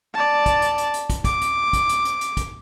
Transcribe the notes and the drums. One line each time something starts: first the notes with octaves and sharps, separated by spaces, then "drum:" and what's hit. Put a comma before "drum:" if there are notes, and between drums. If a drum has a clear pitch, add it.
D5 A5
drum: kick, hi-hat
drum: hi-hat
drum: hi-hat
drum: hi-hat
drum: kick, hi-hat
D6, drum: kick, hi-hat
drum: hi-hat
drum: kick, hi-hat
drum: hi-hat
drum: hi-hat
drum: hi-hat
drum: kick, hi-hat